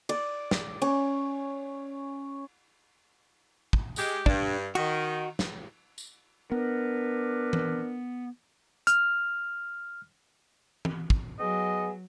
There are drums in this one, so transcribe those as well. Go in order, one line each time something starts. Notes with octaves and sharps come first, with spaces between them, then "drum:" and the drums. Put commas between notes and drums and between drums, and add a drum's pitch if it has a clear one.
D5, drum: cymbal
drum: snare
C#4, drum: cymbal
drum: kick
G#3 G4, drum: tambourine
G2 D4, drum: kick
D#3 F#4, drum: cymbal
drum: snare
drum: tambourine
B3 D4 A#4 B4
drum: tom E3
F6, drum: hi-hat
drum: tom E3
drum: kick
F#3 B3 G#4 D#5